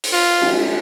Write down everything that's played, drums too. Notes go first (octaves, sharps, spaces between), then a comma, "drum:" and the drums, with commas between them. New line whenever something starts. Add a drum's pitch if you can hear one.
drum: open hi-hat
F4
drum: cymbal